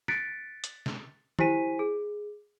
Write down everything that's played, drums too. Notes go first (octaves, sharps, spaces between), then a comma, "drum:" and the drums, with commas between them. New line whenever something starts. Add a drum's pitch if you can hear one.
F#6 A6 B6 C#7 D7, drum: rim click
drum: hi-hat
drum: snare
E4 G4 C5 G#5 B6 D#7, drum: tom D#3
G#4